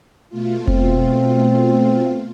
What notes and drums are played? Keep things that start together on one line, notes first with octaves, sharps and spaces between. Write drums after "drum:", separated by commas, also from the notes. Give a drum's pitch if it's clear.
B2 A3 F4
C4, drum: kick F1